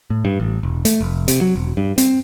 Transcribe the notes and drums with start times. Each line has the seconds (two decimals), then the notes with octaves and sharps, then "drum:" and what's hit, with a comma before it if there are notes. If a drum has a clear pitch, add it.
0.10 A2
0.25 G2
0.40 A1
0.63 E1
0.85 A3, drum: hi-hat
1.01 F1
1.28 C3, drum: hi-hat
1.41 F#3
1.56 E1
1.77 G2
1.98 C4, drum: hi-hat